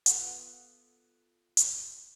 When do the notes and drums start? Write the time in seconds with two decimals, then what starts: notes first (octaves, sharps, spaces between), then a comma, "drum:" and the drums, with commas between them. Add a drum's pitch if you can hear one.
0.06 B3 F4 A4 F#5, drum: hi-hat
1.57 drum: hi-hat